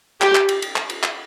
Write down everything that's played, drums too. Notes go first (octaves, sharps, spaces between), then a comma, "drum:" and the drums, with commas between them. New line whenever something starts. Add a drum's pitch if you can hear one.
G4, drum: clap
drum: clap
drum: cymbal
drum: cymbal
drum: clap
drum: cymbal
drum: clap